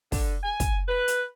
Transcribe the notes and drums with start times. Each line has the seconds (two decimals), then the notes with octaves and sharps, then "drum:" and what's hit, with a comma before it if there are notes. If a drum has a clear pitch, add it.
0.12 D3, drum: kick, open hi-hat
0.44 G#5
0.60 drum: kick, hi-hat
0.89 B4
1.08 drum: hi-hat